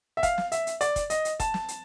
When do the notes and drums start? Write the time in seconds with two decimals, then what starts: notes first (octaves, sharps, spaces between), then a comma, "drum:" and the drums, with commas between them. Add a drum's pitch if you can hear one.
0.17 E5
0.23 F5, drum: kick, hi-hat
0.38 drum: snare
0.52 E5, drum: hi-hat
0.67 drum: hi-hat
0.81 D5, drum: hi-hat
0.96 drum: kick, hi-hat
1.10 D#5, drum: hi-hat
1.25 drum: hi-hat
1.40 A5, drum: kick, hi-hat
1.54 drum: snare
1.68 drum: hi-hat